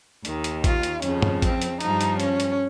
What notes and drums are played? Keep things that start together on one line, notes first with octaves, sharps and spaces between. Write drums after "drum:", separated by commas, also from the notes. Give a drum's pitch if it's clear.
D#2 D#3, drum: hi-hat
drum: hi-hat
F4, drum: kick A1, hi-hat
drum: hi-hat
F2 C#3 F3 C#4, drum: hi-hat
drum: tom
C4, drum: kick A1, hi-hat
drum: hi-hat
G2 F3 D#4, drum: hi-hat
drum: hi-hat
C#4, drum: hi-hat
drum: hi-hat